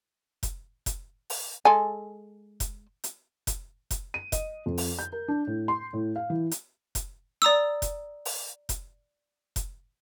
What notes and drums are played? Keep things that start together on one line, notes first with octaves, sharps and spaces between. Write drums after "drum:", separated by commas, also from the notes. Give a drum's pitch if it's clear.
drum: kick F1, hi-hat
drum: kick F1, hi-hat
drum: open hi-hat
G#3 A4 G#5
drum: kick F1, hi-hat
drum: hi-hat
drum: kick F1, hi-hat
drum: kick F1, hi-hat
D#7
D#5, drum: kick F1, hi-hat
F2
drum: open hi-hat
G6
A#4
D4
A2
C6
A2
F5
E3
drum: hi-hat
drum: kick F1, hi-hat
D5 A#5 D#6 E6
drum: kick F1, hi-hat
drum: open hi-hat
drum: kick F1, hi-hat
drum: kick F1, hi-hat